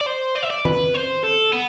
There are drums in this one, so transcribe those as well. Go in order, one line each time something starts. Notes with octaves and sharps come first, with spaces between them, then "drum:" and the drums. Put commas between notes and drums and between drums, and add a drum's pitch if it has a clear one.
D5
C5
D5
E5
D5
B4, drum: tom D#3
C5
A4
B3